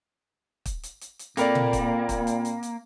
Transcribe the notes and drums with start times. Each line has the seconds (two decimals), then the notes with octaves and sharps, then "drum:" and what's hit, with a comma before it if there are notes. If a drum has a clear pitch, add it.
0.66 drum: kick, hi-hat
0.83 drum: hi-hat
1.01 drum: hi-hat
1.19 drum: hi-hat
1.37 A#2 A#3 C4 A4 A#4 D5 G5 B5, drum: hi-hat
1.55 drum: tom A#2
1.73 drum: kick, hi-hat
2.09 drum: kick, hi-hat
2.27 drum: hi-hat
2.45 drum: hi-hat
2.63 drum: hi-hat